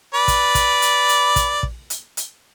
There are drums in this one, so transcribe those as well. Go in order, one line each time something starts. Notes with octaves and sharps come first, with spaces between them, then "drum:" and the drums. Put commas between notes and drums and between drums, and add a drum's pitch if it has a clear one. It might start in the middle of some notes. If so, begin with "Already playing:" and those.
B4 D5
drum: kick, hi-hat
drum: kick, hi-hat
drum: hi-hat
drum: hi-hat
drum: kick, hi-hat
drum: kick
drum: hi-hat
drum: hi-hat